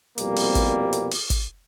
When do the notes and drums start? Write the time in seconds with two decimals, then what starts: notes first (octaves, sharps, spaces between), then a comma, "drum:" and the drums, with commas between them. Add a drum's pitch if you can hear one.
0.18 C2 F2 B2 G3 A#3, drum: hi-hat
0.36 drum: open hi-hat
0.55 drum: kick, hi-hat
0.93 drum: hi-hat
1.11 drum: open hi-hat
1.30 drum: kick, hi-hat